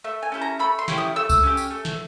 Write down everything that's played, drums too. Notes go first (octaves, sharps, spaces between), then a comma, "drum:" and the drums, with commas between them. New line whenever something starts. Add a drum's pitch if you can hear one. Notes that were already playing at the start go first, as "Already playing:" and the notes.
A3 E5
G#5
C#4 E4 G4
A#5
A3 B5
C6
C#4 E4 G4, drum: snare
D#6
A3 E6
drum: kick C2, tambourine
C#4 E4 G4
drum: tambourine
A3
drum: snare